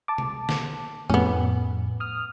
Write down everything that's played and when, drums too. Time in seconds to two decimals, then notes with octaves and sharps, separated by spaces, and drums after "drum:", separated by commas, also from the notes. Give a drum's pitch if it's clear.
0.08 A5 D6
0.18 drum: tom B2
0.49 drum: snare
1.10 F2 A2 B3 C#4
2.00 D#6 F6